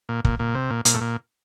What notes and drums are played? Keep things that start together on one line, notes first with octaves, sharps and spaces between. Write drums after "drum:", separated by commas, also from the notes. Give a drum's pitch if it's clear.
A#2
A#2, drum: kick
A#2
C3
A#2
A#2, drum: hi-hat
A2
A#2